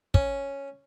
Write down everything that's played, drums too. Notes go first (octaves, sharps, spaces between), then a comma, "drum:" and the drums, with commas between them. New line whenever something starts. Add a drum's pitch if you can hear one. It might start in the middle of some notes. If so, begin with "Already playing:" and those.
C#4, drum: kick